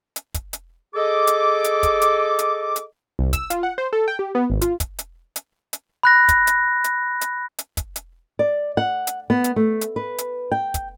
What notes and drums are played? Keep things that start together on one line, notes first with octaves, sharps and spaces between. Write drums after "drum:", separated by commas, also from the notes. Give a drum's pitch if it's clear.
drum: hi-hat
drum: kick, hi-hat
drum: hi-hat
G#4 A4 D#5 D6
drum: hi-hat
drum: hi-hat
drum: kick, hi-hat
drum: hi-hat
drum: hi-hat
drum: hi-hat
C2
E6, drum: kick, hi-hat
F4, drum: hi-hat
F#5
C5
A4
G5
G4
B3
G#1
F4, drum: hi-hat
drum: kick, hi-hat
drum: hi-hat
drum: hi-hat
drum: hi-hat
B5 F#6 A#6
drum: kick, hi-hat
drum: hi-hat
drum: hi-hat
drum: hi-hat
drum: hi-hat
drum: kick, hi-hat
drum: hi-hat
D5
F#5
drum: hi-hat
B3
drum: hi-hat
A3
drum: hi-hat
B4
drum: hi-hat
G5
drum: kick, hi-hat